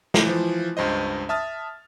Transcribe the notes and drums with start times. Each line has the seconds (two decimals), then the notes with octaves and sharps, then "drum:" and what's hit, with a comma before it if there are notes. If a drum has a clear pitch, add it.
0.14 drum: snare
0.23 E3 F3
0.77 C#2 G2 C5 D#5
1.29 E5 A5 D#6 F6 A6